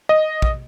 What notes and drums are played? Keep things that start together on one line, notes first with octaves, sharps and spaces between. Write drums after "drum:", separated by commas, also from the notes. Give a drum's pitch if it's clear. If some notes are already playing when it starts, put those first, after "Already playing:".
D#5
drum: kick